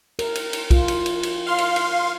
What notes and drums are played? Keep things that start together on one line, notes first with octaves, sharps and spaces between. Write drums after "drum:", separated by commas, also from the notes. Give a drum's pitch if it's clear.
A#4, drum: cymbal
drum: cymbal
drum: cymbal
F4, drum: kick, cymbal
drum: cymbal
drum: cymbal
drum: cymbal
F5 C6
drum: cymbal
drum: cymbal